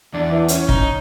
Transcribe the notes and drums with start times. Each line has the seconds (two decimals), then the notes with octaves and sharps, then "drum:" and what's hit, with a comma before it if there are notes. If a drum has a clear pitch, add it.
0.14 E2 D4
0.32 E3
0.48 C#4, drum: hi-hat
0.69 D#4, drum: kick